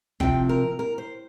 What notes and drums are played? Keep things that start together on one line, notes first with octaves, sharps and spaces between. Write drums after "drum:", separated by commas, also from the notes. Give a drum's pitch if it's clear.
C3 F3 C4 G5, drum: kick
A#4
A#4
C5